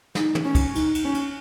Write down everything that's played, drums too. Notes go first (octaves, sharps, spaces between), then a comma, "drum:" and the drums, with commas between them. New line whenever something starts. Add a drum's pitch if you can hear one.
D#4, drum: snare
drum: tom
C#4
drum: kick, cymbal
D#4, drum: cymbal
drum: cymbal
C#4
drum: cymbal